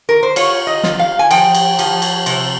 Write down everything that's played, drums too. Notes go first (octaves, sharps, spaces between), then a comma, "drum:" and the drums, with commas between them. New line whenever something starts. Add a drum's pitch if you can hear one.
A#4
C5
F4 C#5, drum: cymbal
D#5
F4, drum: snare
F5
G#5
F3 G5, drum: cymbal
drum: cymbal
F3, drum: cymbal
drum: cymbal
C3, drum: cymbal